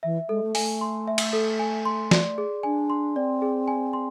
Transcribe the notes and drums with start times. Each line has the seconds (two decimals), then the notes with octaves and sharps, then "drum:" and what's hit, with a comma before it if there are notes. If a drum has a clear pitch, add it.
0.03 E3 E5
0.29 G#3 A4
0.42 A3
0.55 A3 G#5, drum: open hi-hat
0.81 C6
1.08 E5
1.18 drum: cymbal
1.33 A4
1.59 G#5
1.85 C6
2.11 D5, drum: snare
2.38 G#4
2.63 D4 G#5
2.90 C6
3.16 C4 D5
3.42 G#4
3.68 G#5
3.93 C6